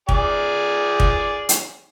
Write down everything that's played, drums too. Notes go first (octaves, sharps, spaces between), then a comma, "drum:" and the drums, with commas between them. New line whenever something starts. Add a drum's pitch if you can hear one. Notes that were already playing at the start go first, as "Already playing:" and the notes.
G#4 D5, drum: kick
drum: kick
drum: hi-hat